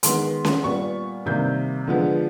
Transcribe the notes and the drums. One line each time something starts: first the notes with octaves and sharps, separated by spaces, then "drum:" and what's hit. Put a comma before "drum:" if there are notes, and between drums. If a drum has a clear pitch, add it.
D#3 G#3 B3 C6, drum: hi-hat
drum: snare C#4
A#2 G3 B3 C#6
C3 D#3 G3 A#3 G6
D3 F3 G#3 B3